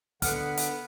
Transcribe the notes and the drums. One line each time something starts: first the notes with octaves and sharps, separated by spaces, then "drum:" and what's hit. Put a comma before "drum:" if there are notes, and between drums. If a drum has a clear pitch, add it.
D3 B3 F#5 F6, drum: kick, hi-hat
drum: hi-hat